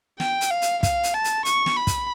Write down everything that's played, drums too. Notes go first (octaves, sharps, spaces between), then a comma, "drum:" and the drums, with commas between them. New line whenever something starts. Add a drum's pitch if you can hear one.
G5, drum: snare
drum: hi-hat
F5
drum: hi-hat
F5, drum: kick, hi-hat
drum: hi-hat
A5
drum: hi-hat
C#6, drum: hi-hat
drum: snare
B5
drum: kick, hi-hat